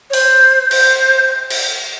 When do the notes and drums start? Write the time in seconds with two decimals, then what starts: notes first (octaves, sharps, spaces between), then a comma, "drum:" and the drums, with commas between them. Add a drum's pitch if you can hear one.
0.10 C#5
0.13 C5, drum: open hi-hat
0.71 C5, drum: cymbal
1.50 drum: cymbal